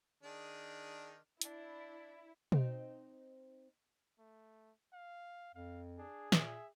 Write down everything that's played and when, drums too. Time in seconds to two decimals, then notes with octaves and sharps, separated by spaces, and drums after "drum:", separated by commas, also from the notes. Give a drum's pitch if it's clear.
0.23 D#3 D4 G#4
1.42 D4 E4, drum: hi-hat
2.52 C4 D#4, drum: tom B2
4.19 A3
4.93 F5
5.55 F2 F5
5.98 D4 G#4
6.32 A#2 E5, drum: snare